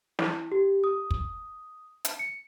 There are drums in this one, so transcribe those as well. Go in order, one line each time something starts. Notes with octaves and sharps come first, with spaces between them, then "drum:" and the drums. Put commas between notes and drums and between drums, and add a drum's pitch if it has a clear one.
E4, drum: snare
G4
D#6
drum: kick
drum: hi-hat
C#7